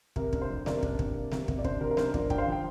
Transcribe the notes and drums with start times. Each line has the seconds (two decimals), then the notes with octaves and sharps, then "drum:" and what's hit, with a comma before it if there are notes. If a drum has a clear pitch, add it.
0.16 C3 A#4, drum: kick
0.33 D4, drum: kick
0.42 C5
0.50 F2
0.66 C3 A#4 D5, drum: snare B3
0.83 D4, drum: kick
0.99 C3, drum: kick
1.15 A#3
1.32 C3, drum: snare B3
1.48 C3, drum: kick
1.59 D5
1.64 D4 C5, drum: kick
1.81 C3 A#4
1.91 A#4
1.97 D4 C5, drum: snare B3
2.14 F3 A#4 D5, drum: kick
2.30 G2 G5, drum: kick
2.38 C5 F5
2.47 F3
2.52 G5